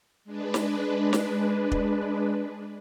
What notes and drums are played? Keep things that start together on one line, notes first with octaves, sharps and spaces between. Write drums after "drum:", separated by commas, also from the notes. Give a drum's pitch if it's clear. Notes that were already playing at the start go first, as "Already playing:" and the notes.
G#3 D4 B4
drum: snare
drum: snare
drum: kick